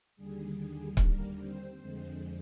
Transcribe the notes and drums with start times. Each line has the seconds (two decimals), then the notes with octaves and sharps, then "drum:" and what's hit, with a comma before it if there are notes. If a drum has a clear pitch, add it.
0.16 D#2 D3 G3 G#4
0.56 G#4
0.97 A#3 A#4, drum: kick C#1
1.38 C4 C5
1.78 F2 D3 G#3 C4 C5